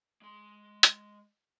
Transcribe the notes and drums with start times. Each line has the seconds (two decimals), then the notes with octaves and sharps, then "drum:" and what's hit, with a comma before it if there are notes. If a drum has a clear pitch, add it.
0.22 G#3 C6
0.83 drum: hi-hat